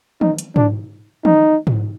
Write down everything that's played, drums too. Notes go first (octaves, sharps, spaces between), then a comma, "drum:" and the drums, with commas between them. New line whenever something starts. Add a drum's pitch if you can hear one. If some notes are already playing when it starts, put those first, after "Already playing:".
D#4, drum: tom D#3
drum: hi-hat
D4, drum: tom G#2
D#4, drum: tom D#3
drum: tom G#2